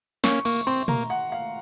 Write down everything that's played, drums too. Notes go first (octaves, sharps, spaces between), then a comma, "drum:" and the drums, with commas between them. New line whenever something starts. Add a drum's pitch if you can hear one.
A#3 C#4 C#6, drum: snare
A#3 C#6, drum: cymbal
C4 C6
A#3 A#5, drum: tom
F#5
F5